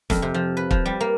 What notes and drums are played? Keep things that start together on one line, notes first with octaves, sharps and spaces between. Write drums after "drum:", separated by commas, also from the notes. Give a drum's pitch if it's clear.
F2, drum: snare
C3
F3
B4
F3, drum: kick
G3
A#3